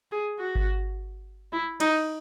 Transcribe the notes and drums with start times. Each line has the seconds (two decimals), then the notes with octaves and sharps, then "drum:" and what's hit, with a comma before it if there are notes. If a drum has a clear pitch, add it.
0.12 G#4
0.39 F#4
0.55 drum: kick G#1
1.53 E4
1.80 D#4, drum: cymbal